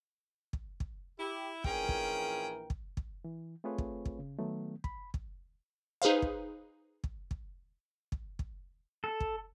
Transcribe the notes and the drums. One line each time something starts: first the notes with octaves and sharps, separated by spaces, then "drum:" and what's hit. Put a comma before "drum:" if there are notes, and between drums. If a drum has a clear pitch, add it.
drum: kick
drum: kick
E4 G4
A#1 E3 C#4 F4 G#4 A#4 G5, drum: kick
drum: kick
drum: kick
drum: kick
E3
A3 C4 F4 G#4 B4 C#5
drum: kick
drum: kick
C#3
D#3 F#3 A3 B3
B5, drum: kick
drum: kick
D#4 G#4 B4 C5 F5
drum: kick
drum: kick
drum: kick
drum: kick
drum: kick
A4
drum: kick